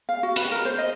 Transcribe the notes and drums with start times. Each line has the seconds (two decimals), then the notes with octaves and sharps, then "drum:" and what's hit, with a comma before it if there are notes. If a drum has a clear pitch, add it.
0.09 F5
0.23 F#4
0.36 B4, drum: hi-hat
0.51 A#4
0.65 C5
0.78 D#5